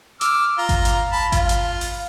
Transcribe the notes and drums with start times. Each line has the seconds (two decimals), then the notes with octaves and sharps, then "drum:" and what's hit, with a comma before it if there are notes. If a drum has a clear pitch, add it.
0.21 D6 E6 F6, drum: hi-hat
0.58 F4 A#5
0.69 drum: kick G#1, hi-hat
0.85 drum: hi-hat
1.12 A5 B5
1.32 F4, drum: kick G#1, hi-hat
1.49 drum: hi-hat
1.81 drum: open hi-hat